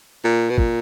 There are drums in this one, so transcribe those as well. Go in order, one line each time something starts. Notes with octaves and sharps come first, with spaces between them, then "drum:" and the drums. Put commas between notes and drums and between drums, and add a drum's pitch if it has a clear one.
A#2
B2
A#2, drum: kick